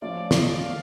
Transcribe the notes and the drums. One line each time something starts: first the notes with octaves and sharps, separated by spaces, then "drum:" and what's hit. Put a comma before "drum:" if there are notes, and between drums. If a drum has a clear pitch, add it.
F3 A3 C#4 F4 D5
D5, drum: snare
D#5
D5
F5